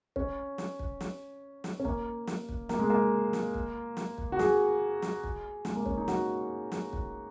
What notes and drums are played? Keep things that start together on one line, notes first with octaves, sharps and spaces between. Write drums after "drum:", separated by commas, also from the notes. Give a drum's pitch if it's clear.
C#4, drum: kick
drum: snare
drum: kick
drum: snare
drum: snare
C#4
A#3, drum: kick
drum: snare
drum: kick
A#3, drum: snare
G#3
A#3
drum: snare
drum: kick
drum: snare
drum: kick
F#4
G#4, drum: snare
drum: snare
drum: kick
G#3, drum: snare
A#3
C#4, drum: kick
D#4
F#4, drum: snare
drum: snare
drum: kick